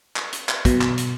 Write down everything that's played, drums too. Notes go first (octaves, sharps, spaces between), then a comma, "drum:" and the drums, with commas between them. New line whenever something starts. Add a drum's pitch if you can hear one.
drum: clap
drum: hi-hat
drum: clap
B2, drum: kick, hi-hat
drum: clap
drum: hi-hat